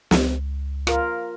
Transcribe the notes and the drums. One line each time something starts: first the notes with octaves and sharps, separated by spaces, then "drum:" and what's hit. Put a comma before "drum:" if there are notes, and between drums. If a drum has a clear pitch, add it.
C#2, drum: snare
F4 A#4, drum: rim click